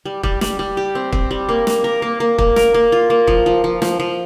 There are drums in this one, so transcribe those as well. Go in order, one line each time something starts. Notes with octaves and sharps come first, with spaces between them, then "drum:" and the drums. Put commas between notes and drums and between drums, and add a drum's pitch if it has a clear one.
G3
G3, drum: kick
G3, drum: snare
G3
G4
C4
C4, drum: kick
G3
A#3
A#3, drum: snare
A#4
A#3
A#3
A#3, drum: kick
A#4, drum: snare
A#3
F4
A#3
F3, drum: kick
F3
F3
F3, drum: snare
F3